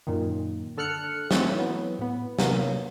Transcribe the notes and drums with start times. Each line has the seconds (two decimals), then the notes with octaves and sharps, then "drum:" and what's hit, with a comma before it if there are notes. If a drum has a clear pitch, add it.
0.07 F#2 A#2 D#3
0.77 D3 A4 F6 F#6 C#7
1.31 E3 F#3 A3 C4, drum: snare
1.55 E3 F#3 B3
1.99 A2 B3
2.39 C3 F#3 A#3 B3, drum: snare